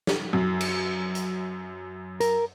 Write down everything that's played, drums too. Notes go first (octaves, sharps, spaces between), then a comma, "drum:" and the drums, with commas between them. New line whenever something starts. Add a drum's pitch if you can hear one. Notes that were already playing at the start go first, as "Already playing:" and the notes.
drum: snare
F#2
drum: cymbal
drum: hi-hat
A#4, drum: hi-hat